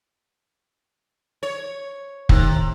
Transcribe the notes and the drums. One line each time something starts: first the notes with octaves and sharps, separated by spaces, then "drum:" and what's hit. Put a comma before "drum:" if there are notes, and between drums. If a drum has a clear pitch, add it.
C#5
A2 C3 D#3, drum: kick